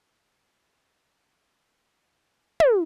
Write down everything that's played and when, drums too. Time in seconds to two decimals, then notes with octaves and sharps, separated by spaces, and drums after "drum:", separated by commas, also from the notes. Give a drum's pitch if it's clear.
0.23 C#5
1.69 C4 D4 C6
2.60 drum: tom